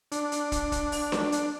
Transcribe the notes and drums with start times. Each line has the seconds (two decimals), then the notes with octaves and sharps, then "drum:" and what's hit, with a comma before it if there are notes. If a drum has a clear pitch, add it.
0.12 D4, drum: hi-hat
0.32 drum: hi-hat
0.52 drum: kick, hi-hat
0.72 drum: kick, hi-hat
0.92 drum: open hi-hat
1.12 drum: snare D4
1.32 drum: hi-hat